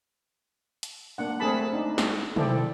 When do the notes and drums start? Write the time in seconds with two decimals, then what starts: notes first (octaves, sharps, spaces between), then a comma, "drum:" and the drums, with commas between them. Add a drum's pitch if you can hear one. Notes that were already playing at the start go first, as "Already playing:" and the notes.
0.83 drum: hi-hat
1.18 A#3 D4 F#5
1.40 A3 C4 G#4 A#4 A5 B5
1.73 D4 D#4
1.98 drum: snare
2.36 E4 A4 C5 D5 G5, drum: tom